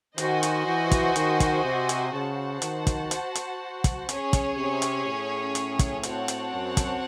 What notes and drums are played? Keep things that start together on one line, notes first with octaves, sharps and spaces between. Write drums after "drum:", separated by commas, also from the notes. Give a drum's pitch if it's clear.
D#3 F#4 C5 D#5 G#5, drum: hi-hat
drum: hi-hat
E3
drum: kick, hi-hat
D#3, drum: hi-hat
drum: kick, hi-hat
C3
drum: hi-hat
C#3 F#4 C5 F#5 A5
D#3, drum: hi-hat
drum: kick, hi-hat
drum: hi-hat
drum: hi-hat
drum: kick, hi-hat
C#4 G#4 C#5, drum: hi-hat
drum: kick, hi-hat
C3
drum: hi-hat
A2
drum: hi-hat
drum: kick, hi-hat
C4 F#4 C#5 F#5 A5, drum: hi-hat
drum: hi-hat
F#2
drum: kick, hi-hat